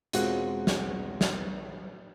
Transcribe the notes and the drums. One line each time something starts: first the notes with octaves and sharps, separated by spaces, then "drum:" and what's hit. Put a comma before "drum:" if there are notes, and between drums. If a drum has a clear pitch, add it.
E1 G#3 C4 F4 F#4 F#6, drum: hi-hat
drum: snare
drum: snare